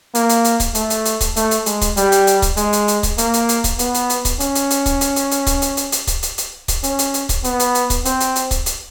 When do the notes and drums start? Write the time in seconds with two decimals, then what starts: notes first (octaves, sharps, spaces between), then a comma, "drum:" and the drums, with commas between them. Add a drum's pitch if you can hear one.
0.15 A#3, drum: hi-hat
0.29 drum: hi-hat
0.44 drum: hi-hat
0.60 drum: kick C#1, hi-hat
0.75 A3, drum: hi-hat
0.90 drum: hi-hat
1.05 drum: hi-hat
1.21 drum: kick C#1, hi-hat
1.36 A3, drum: hi-hat
1.51 drum: hi-hat
1.66 G#3, drum: hi-hat
1.81 drum: kick C#1, hi-hat
1.97 G3, drum: hi-hat
2.12 drum: hi-hat
2.27 drum: hi-hat
2.42 drum: kick C#1, hi-hat
2.57 G#3, drum: hi-hat
2.73 drum: hi-hat
2.88 drum: hi-hat
3.03 drum: kick C#1, hi-hat
3.18 A#3, drum: hi-hat
3.34 drum: hi-hat
3.49 drum: hi-hat
3.64 drum: kick C#1, hi-hat
3.79 B3, drum: hi-hat
3.94 drum: hi-hat
4.10 drum: hi-hat
4.25 drum: kick C#1, hi-hat
4.40 C#4, drum: hi-hat
4.55 drum: hi-hat
4.70 drum: hi-hat
4.86 drum: kick C#1, hi-hat
5.01 drum: hi-hat
5.16 drum: hi-hat
5.31 drum: hi-hat
5.46 drum: kick C#1, hi-hat
5.62 drum: hi-hat
5.77 drum: hi-hat
5.92 drum: hi-hat
6.07 drum: kick C#1, hi-hat
6.23 drum: hi-hat
6.38 drum: hi-hat
6.68 drum: kick C#1, hi-hat
6.83 C#4, drum: hi-hat
6.99 drum: hi-hat
7.14 drum: hi-hat
7.29 drum: kick C#1, hi-hat
7.44 B3, drum: hi-hat
7.59 drum: hi-hat
7.75 drum: hi-hat
7.90 drum: kick C#1, hi-hat
8.05 C4, drum: hi-hat
8.20 drum: hi-hat
8.36 drum: hi-hat
8.51 drum: kick C#1, hi-hat
8.66 drum: hi-hat